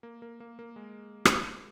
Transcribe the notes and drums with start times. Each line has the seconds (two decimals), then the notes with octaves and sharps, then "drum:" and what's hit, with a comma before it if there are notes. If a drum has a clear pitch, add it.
0.03 A#3
0.22 A#3
0.40 A#3
0.59 A#3
0.76 G#3
1.25 drum: rim click